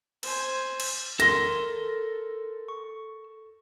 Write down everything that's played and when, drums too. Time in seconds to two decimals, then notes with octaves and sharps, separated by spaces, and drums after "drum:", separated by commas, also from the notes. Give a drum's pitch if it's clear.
0.23 C5 G#5, drum: cymbal
0.80 drum: cymbal
1.20 A4 A#4 C6 A#6, drum: hi-hat
2.68 C#6